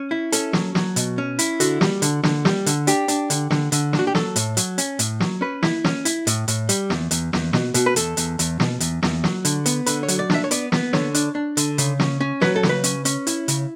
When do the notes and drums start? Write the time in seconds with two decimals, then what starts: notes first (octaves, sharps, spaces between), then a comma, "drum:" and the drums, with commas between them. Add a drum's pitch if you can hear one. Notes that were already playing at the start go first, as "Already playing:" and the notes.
Already playing: C#4
0.11 E4
0.32 C#4 A4, drum: hi-hat
0.53 F#3, drum: snare
0.75 F#3, drum: snare
0.96 B2, drum: hi-hat
1.18 C#4
1.39 E4, drum: hi-hat
1.60 D3 F#4, drum: hi-hat
1.81 G3, drum: snare
2.02 D3, drum: hi-hat
2.23 D3, drum: snare
2.45 G3, drum: snare
2.66 D3, drum: hi-hat
2.87 D4 G4, drum: hi-hat
3.08 D4, drum: hi-hat
3.30 D3, drum: hi-hat
3.51 D3, drum: snare
3.72 D3, drum: hi-hat
3.93 D4, drum: snare
3.99 F#4
4.07 G4
4.15 F#3 A4, drum: snare
4.36 A2, drum: hi-hat
4.57 F#3, drum: hi-hat
4.78 C#4, drum: hi-hat
4.99 A2, drum: hi-hat
5.20 F#3, drum: snare
5.41 C#4 B4
5.63 E4, drum: snare
5.84 C#4, drum: snare
6.05 E4, drum: hi-hat
6.27 A2, drum: hi-hat
6.48 A2, drum: hi-hat
6.69 G3, drum: hi-hat
6.90 E2, drum: snare
7.11 E2, drum: hi-hat
7.33 E2, drum: snare
7.53 B2, drum: snare
7.74 B2, drum: hi-hat
7.86 B4
7.96 E2 A4, drum: hi-hat
8.17 E2, drum: hi-hat
8.39 E2, drum: hi-hat
8.60 B2, drum: snare
8.80 E2, drum: hi-hat
9.03 E2, drum: snare
9.24 F#3, drum: snare
9.45 D3, drum: hi-hat
9.66 B3, drum: hi-hat
9.86 D3 B4, drum: hi-hat
10.03 C#5
10.08 F#3, drum: hi-hat
10.19 D5
10.30 D4 E5, drum: snare
10.44 C#5
10.51 B3 D5, drum: hi-hat
10.72 B3, drum: snare
10.93 D3 C#5, drum: snare
11.14 D4, drum: hi-hat
11.35 D4
11.57 D3, drum: hi-hat
11.78 C#3, drum: hi-hat
12.00 C#4, drum: snare
12.20 C#4
12.41 F#3 B4, drum: snare
12.56 A4
12.63 C#3, drum: snare
12.69 B4
12.84 C#4, drum: hi-hat
13.05 C#4, drum: hi-hat
13.27 E4, drum: hi-hat
13.48 C#3, drum: hi-hat